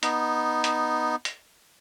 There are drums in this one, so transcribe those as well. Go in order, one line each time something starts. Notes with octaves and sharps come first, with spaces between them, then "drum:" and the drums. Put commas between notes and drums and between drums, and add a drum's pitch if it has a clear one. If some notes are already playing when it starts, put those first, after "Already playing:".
B3 D#4, drum: hi-hat
drum: hi-hat
drum: hi-hat